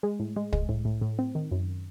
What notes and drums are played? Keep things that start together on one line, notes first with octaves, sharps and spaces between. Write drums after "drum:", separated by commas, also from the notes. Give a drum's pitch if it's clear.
G#3
A2
G#3
G#3, drum: kick
A2
A2
A2
C4
D#3
F#2